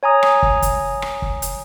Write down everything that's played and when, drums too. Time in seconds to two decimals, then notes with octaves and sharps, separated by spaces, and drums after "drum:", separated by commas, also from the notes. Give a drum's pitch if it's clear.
0.03 C#5 G#5 A#5 D#6
0.23 drum: rim click
0.42 drum: kick
0.62 drum: kick, hi-hat
1.02 drum: rim click
1.22 drum: kick
1.42 drum: hi-hat